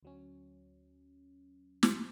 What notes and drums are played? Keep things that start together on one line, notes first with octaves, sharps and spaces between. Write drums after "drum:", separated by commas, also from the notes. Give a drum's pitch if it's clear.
D2 F#3 C#4
drum: snare